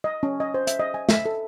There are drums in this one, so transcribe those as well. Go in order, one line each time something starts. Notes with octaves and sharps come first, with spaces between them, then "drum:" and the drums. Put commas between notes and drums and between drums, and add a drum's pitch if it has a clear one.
D#5
C#4
D#5
C5
E5, drum: hi-hat
D#5
G#5
E5, drum: snare
A4